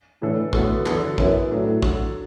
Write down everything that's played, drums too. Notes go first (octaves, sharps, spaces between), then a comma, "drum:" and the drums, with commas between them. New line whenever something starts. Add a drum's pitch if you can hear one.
A2 E3 D4 A4
A2 D3 B3 F#4 A4, drum: kick
E2 D3 F#3 D4 A4, drum: clap
F#2 E3 B3 E4, drum: kick
A2 F#3 D4 A4
F#3 D4 F#4 A4, drum: kick